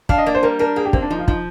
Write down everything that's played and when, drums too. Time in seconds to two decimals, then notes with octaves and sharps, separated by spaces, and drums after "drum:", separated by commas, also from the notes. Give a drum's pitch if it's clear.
0.09 D4 F5, drum: kick
0.18 D#5
0.26 A#3 D5
0.35 C5
0.43 G3 A#4
0.59 D4 A#4
0.76 A#3 G#4
0.85 G4
0.93 A#3 C4, drum: kick
1.02 D4
1.10 F3 D#4
1.19 F4
1.28 F3 D#4, drum: kick